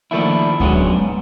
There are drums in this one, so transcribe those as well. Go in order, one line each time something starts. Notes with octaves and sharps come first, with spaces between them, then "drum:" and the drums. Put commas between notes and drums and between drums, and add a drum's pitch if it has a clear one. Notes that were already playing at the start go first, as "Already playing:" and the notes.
D#3 F3 A3 A#3 D4 E4
F#3 G#3 B3 C#4 D4 F#4, drum: kick D2
G#2